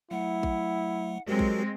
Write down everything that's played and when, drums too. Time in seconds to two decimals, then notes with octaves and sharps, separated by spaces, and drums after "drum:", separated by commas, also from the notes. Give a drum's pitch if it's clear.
0.11 F#3 A3 E4 F#5
0.43 drum: kick A#1
1.27 F#3 G#3 C4 F#4 G4 A#4
1.39 drum: kick A#1